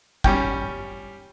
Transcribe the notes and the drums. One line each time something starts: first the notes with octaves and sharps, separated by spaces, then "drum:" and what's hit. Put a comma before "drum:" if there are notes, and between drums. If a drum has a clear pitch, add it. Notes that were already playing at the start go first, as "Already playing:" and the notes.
G3 C#4 G5, drum: kick G1